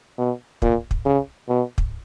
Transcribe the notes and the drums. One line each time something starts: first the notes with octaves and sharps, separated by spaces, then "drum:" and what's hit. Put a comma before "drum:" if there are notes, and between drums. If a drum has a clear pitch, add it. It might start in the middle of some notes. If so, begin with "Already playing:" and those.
B2
A#2, drum: kick
drum: kick
C#3
B2
drum: kick